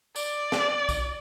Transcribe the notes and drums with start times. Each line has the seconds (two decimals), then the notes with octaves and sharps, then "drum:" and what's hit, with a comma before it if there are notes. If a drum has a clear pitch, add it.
0.16 D5, drum: tambourine
0.52 drum: snare
0.89 drum: kick B1, tambourine